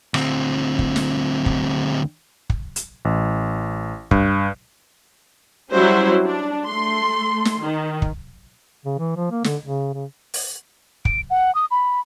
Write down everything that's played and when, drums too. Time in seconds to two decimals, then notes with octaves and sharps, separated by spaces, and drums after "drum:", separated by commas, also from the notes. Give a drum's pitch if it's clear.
0.14 D2 C4, drum: rim click
0.79 drum: kick
0.96 drum: snare
1.46 drum: kick
2.50 drum: kick
2.76 drum: hi-hat
3.05 A1
4.11 G2, drum: kick
5.71 F#3 G3 C#4 E4 F#4 C5
6.25 D4
6.66 A3 C6
7.45 drum: snare
7.62 D#3
8.02 drum: kick
8.85 C#3
8.99 E3
9.17 F3
9.31 A#3
9.44 D3, drum: snare
9.62 C#3
9.93 C#3
10.34 drum: open hi-hat
11.05 D7, drum: kick
11.30 F#5
11.55 D#6
11.71 B5